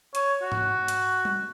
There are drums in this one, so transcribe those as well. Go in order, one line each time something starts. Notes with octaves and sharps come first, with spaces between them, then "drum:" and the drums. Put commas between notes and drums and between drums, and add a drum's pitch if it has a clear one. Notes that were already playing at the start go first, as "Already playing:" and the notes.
C#5, drum: hi-hat
F#4
drum: tom G#2
drum: hi-hat
drum: tom G3